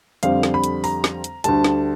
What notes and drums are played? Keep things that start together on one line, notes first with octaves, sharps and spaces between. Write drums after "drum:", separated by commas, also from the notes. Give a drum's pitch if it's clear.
F2 D3 G3 C4 F5, drum: hi-hat
drum: snare
B5
drum: hi-hat
A#5, drum: open hi-hat
drum: snare
drum: hi-hat
D2 D3 G3 A5, drum: hi-hat
drum: snare